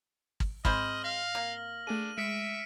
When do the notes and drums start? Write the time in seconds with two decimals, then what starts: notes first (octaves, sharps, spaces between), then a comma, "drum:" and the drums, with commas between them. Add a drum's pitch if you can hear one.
0.40 drum: kick G#1
0.65 G#2 G#3 C4 C5 D#5 B5 F6 F#7, drum: kick G#1
1.04 F5 A#6
1.35 A#3
1.87 A3 D4 G#4 D#7
2.18 G#3 E5 B6 C#7 D7